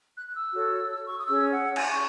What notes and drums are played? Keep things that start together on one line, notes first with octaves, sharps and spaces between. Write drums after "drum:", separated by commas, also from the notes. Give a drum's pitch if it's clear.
F#6
F#6
E6
F#4 A4 C#5
C#6
D#6
C#4 G#4 C#5 E6
F#5
G#5, drum: cymbal
C#6